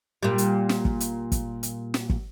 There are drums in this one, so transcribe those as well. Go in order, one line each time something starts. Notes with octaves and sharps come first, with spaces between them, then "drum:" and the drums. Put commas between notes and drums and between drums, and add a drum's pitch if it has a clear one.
A#2 G3
drum: hi-hat
drum: snare
drum: kick
drum: hi-hat
drum: kick, hi-hat
drum: hi-hat
drum: snare
drum: kick